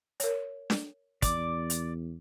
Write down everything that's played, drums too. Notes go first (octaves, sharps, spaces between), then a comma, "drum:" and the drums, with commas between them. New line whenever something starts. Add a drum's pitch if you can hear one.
A#4 C#5, drum: hi-hat
drum: snare D4
E2 D5 D6, drum: kick, hi-hat
drum: hi-hat